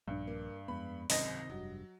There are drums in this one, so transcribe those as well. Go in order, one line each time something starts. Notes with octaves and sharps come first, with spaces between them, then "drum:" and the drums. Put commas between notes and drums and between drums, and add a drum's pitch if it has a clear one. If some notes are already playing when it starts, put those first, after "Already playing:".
A#1 G2
A#3
F2 G#3 B3 B5
G#1 C#2 F#2 C3 D#3 C4 D#5 A#6, drum: open hi-hat
F1 G2 F#3